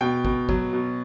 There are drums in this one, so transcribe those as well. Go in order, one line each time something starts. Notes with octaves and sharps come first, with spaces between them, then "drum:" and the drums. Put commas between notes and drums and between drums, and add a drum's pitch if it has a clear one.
B2 G5
B2, drum: kick
F#3, drum: kick
B2